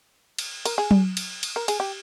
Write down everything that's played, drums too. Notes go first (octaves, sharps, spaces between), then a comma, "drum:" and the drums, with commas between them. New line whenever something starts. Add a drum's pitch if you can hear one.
drum: cymbal
A#4, drum: cymbal
G#4
drum: tom F#3
drum: cymbal
drum: cymbal
A#4
G#4, drum: cymbal
G4